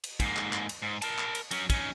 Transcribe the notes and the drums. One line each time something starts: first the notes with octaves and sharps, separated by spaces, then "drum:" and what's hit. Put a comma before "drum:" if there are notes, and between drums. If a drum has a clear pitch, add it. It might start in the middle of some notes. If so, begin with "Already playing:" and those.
drum: cymbal
G#2 A#3, drum: kick, cymbal
drum: clap
drum: clap
drum: cymbal
G#2
A#4 A5, drum: cymbal
drum: clap
drum: cymbal
F#3 C#4, drum: cymbal
C#4 D#4, drum: kick, cymbal